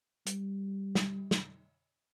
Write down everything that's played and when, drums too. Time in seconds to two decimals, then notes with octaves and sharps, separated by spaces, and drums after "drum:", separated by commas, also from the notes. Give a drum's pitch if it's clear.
0.26 G3, drum: hi-hat
0.95 drum: snare
1.31 drum: snare